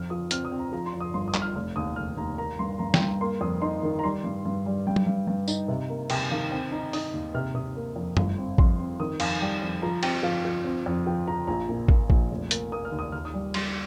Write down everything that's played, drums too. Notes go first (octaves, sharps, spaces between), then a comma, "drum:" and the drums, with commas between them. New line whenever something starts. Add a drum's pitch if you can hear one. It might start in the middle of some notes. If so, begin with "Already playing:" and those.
Already playing: F2 F6
F3 D#6
C4 F6, drum: hi-hat
D#6
C4
A#5
F3 A#5
C6
F2
D#6
G1 C6
D#6
G1, drum: clap
F6
F1 F6
D#2 D#6
F1 F6
D#2 A#5
A#3 A#5
G2 C6
G2 A#5
G5, drum: snare
G2
A#5
A#3 C6
F2 D#6
D#4 C6
D#3
A#5
G3 C6
G2
G2
G3
G2 G5
drum: tom F#3
G2
G2
D#4, drum: tambourine
C3
A#3
C3 G5, drum: cymbal
D#3 F5
C4 G5
D#4 A#5
D#4 D#6, drum: open hi-hat
D#2
C3 F6
C3 D#6
A#3
F2
G1, drum: tom
C4
F2 C6, drum: kick
C4
D#3 D#6
F2 F5, drum: cymbal
G3 G5
F2
F3 A#5
C4 G5, drum: cymbal
F3 F5
F3
C4
F2
F3 G5
F3 A#5
A#1 A#5
A#2
A#2, drum: kick
A#1, drum: kick
F1
A#3, drum: hi-hat
A#3 D#6
F6
D#2
D#6
D#2 F6
D#6
G3
G3 C6, drum: cymbal